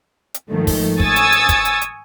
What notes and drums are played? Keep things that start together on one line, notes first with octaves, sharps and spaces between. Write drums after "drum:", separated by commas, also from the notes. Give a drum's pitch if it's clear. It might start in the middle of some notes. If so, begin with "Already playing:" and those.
drum: hi-hat
G#2 D#3 F3 A3
drum: kick, open hi-hat
G#5 C#6 D#6 E6 G#6 A6, drum: kick
drum: hi-hat
drum: hi-hat
drum: kick, hi-hat
drum: hi-hat
drum: hi-hat